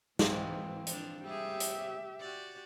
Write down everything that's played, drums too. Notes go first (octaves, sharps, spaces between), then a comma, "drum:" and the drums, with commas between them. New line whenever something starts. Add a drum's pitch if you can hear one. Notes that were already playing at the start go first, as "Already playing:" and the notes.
G#2 E3 A#3 C4, drum: snare
F3 D4, drum: hi-hat
G3 G4 G#4 E5
drum: hi-hat
F#4 G4 D5